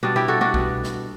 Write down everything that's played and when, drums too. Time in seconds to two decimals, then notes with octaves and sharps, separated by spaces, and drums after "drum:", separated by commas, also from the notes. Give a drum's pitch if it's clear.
0.03 B2 G3 D4 F#4
0.16 E4 G4
0.28 F#4 A4
0.41 D4 F#4
0.54 B2 G3, drum: kick B1
0.84 drum: snare